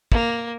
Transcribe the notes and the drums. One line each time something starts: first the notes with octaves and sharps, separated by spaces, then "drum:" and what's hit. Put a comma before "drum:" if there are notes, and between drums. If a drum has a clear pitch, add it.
A#3, drum: kick